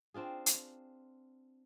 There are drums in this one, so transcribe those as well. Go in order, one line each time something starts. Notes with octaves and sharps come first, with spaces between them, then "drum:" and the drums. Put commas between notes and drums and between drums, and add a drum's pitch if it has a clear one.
C4 D4 F4 G#4
drum: hi-hat